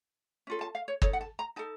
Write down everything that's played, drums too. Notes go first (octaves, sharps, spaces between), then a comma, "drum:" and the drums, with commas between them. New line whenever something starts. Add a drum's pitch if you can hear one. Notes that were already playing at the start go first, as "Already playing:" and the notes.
C#4 F4 A4
A5
F5
C#5
D#4 A4 C#5, drum: kick
F#5
A5
A#5
D#4 A4 A5